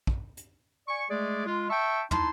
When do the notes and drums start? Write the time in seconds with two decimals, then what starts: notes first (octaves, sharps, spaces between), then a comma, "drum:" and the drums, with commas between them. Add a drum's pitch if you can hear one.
0.07 drum: kick
0.37 drum: hi-hat
0.88 D5 G#5 C#6
1.10 G#3 A3 G#4 D5
1.46 G#3 F4
1.70 E5 G5 A5 C#6
2.11 D#4 E4 A5 C6, drum: tom